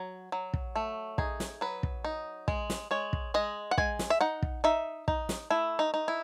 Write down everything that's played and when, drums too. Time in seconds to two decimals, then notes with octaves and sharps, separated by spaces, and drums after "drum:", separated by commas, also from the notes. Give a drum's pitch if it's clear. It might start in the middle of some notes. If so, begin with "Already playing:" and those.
Already playing: F#3
0.32 F#3
0.54 drum: kick
0.76 A3
1.18 D#4 G#4, drum: kick
1.40 drum: snare
1.61 F#3 B4
1.83 drum: kick
2.04 D#4
2.48 G#3, drum: kick
2.70 drum: snare
2.91 G#3 C#5
3.13 drum: kick
3.34 G#3 D#5
3.71 F#5
3.78 G#3 G#5, drum: kick
3.99 drum: snare
4.10 E5
4.21 D#4 F#5
4.42 drum: kick
4.64 D#4 E5
5.08 D#4, drum: kick
5.29 drum: snare
5.50 A3 E4
5.79 D#4
5.94 D#4
6.08 E4